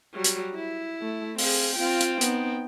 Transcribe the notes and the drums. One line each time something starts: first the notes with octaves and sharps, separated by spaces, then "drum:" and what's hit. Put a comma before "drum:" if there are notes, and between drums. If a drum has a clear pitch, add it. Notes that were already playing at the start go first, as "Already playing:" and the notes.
F#3 G3
drum: hi-hat
E4
A3
C4 G#4 F5, drum: open hi-hat
C4 F4 F5 G5
drum: hi-hat
B3 D#4, drum: hi-hat